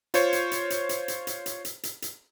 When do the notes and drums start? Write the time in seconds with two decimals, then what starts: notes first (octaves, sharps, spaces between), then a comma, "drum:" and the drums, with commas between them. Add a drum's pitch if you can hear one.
0.14 F4 C5 C#5, drum: hi-hat
0.33 drum: hi-hat
0.52 drum: hi-hat
0.70 drum: hi-hat
0.89 drum: hi-hat
1.08 drum: hi-hat
1.27 drum: hi-hat
1.46 drum: hi-hat
1.65 drum: hi-hat
1.83 drum: hi-hat
2.02 drum: hi-hat